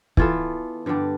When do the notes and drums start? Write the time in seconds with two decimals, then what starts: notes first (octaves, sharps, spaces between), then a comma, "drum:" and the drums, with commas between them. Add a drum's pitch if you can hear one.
0.17 E3 B3 F4 A4, drum: kick
0.86 G2 D3 G3 D4